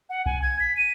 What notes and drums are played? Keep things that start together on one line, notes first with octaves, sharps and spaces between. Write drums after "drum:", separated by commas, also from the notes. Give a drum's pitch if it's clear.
F#5
G#5, drum: kick B1
G#6
B6
D#7